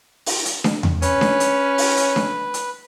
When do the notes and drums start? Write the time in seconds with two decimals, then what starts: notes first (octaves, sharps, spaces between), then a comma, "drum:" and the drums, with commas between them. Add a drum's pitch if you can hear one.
0.26 drum: open hi-hat
0.45 drum: hi-hat
0.64 drum: snare D4
0.83 drum: tom E2
1.02 C#4 B4, drum: hi-hat
1.21 drum: snare D4
1.40 drum: hi-hat
1.78 drum: open hi-hat
1.97 drum: hi-hat
2.16 drum: snare D4
2.54 drum: hi-hat